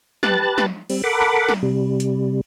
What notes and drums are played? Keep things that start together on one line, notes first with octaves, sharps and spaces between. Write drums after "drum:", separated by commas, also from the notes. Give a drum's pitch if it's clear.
G4 B4 A5 F#6 A6, drum: snare
drum: snare
G3 C4, drum: cymbal
A4 A#4 F#5 B5 D6
drum: snare
C3 G3
drum: hi-hat